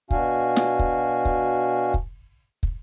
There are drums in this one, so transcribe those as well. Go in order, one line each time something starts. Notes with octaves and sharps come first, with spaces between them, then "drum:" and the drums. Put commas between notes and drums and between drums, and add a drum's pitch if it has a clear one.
B2 D4 F#4 F5 G#5, drum: kick
drum: snare
drum: kick
drum: kick
drum: kick
drum: kick